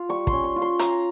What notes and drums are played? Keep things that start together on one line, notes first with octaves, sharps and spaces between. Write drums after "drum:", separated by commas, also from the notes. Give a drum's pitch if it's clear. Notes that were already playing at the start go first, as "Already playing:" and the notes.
Already playing: F4
G3 C#6
C6, drum: kick
C#4
C#6
F4
C6
C#4 A#5, drum: hi-hat